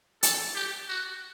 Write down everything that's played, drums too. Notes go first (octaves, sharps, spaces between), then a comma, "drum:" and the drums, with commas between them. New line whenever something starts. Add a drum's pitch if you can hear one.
A4, drum: hi-hat
G4
F#4